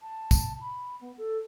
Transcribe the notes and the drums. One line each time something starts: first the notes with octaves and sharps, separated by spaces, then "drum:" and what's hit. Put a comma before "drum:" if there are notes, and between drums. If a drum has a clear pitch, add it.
A5
drum: kick, tambourine
B5
B3
A4